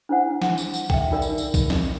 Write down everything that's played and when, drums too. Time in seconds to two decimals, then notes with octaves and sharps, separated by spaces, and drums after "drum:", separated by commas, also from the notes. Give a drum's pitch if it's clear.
0.09 D4 E4 C5 F#5
0.42 drum: snare
0.58 drum: tambourine
0.74 drum: tambourine
0.90 E5 G5, drum: kick B1
1.12 D#4 F4 A#4 D5 E5
1.22 drum: tambourine
1.38 drum: tambourine
1.54 drum: kick B1, tambourine
1.70 drum: snare